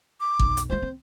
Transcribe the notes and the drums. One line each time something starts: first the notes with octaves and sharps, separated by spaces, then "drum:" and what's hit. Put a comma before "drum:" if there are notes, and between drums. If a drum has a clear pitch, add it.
D6
B1 F2, drum: kick
drum: hi-hat
G#3 F4 C5
C4